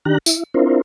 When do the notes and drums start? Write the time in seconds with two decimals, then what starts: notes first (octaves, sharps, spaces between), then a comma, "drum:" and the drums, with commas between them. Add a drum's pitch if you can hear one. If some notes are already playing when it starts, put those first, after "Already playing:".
0.05 D#3 D4 G4 A#5 F#6
0.26 E4, drum: tambourine
0.54 C4 D4 E4 F4 A#4 C5